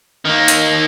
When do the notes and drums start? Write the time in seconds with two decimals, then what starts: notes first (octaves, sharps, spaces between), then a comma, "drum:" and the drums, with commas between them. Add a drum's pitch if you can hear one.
0.25 D#3 A#3
0.48 drum: hi-hat